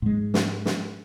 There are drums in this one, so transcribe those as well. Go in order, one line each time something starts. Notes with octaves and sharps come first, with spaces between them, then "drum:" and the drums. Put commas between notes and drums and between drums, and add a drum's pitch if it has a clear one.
G#2 G#3
drum: snare
drum: snare